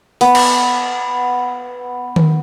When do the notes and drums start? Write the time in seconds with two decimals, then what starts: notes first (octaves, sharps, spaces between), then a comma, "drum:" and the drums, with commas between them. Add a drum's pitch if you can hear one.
0.21 B3, drum: open hi-hat
0.35 drum: cymbal
2.16 drum: tom D#3